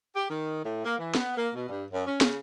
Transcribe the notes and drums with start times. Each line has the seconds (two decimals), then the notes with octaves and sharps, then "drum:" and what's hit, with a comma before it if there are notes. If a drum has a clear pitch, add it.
0.16 G4
0.30 D#3
0.64 A2
0.84 A#3
0.99 E3
1.15 B3, drum: snare
1.36 A#3
1.53 B2
1.68 G2
1.90 F#2
2.05 C#4
2.21 C#3, drum: snare